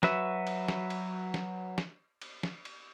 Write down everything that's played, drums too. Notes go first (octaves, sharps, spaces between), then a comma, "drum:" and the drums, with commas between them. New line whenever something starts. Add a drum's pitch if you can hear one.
F#3 F#4 B4 E5, drum: snare
drum: cymbal
drum: snare
drum: cymbal
drum: snare
drum: snare
drum: cymbal
drum: snare
drum: cymbal